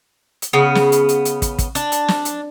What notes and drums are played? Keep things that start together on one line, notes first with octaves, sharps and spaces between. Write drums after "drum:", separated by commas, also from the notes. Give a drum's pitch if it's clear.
drum: hi-hat
C#3 B3
drum: snare
drum: hi-hat
drum: hi-hat
drum: hi-hat
drum: kick, hi-hat
drum: kick, hi-hat
D4, drum: hi-hat
drum: hi-hat
drum: snare
drum: hi-hat